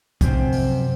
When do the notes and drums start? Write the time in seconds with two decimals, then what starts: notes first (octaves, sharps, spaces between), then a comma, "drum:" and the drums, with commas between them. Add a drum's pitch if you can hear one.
0.21 F#2 C3 F3 C4, drum: kick, hi-hat
0.52 drum: open hi-hat